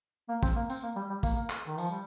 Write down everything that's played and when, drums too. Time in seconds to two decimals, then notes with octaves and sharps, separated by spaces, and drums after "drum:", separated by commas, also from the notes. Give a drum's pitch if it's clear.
0.29 A#3
0.43 C4, drum: kick, tambourine
0.56 A#3
0.70 C4, drum: tambourine
0.83 A#3
0.96 G3
1.10 G3
1.23 A#3, drum: kick, tambourine
1.36 A#3
1.50 drum: clap
1.67 D#3
1.78 F3, drum: tambourine
1.90 G3